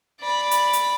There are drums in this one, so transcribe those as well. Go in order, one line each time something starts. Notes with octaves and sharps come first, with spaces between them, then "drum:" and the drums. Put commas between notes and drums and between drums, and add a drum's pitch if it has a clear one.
D5 B5
drum: hi-hat
drum: hi-hat